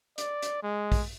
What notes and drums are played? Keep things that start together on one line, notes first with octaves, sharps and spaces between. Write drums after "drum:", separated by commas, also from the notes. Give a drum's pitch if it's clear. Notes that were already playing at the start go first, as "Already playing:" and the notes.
D5, drum: hi-hat
drum: hi-hat
G#3
drum: kick, open hi-hat